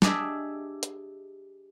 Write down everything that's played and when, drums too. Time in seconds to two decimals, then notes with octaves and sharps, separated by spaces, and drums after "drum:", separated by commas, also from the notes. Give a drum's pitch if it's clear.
0.02 D4 G4 G#4 D#5 E5, drum: snare
0.83 drum: hi-hat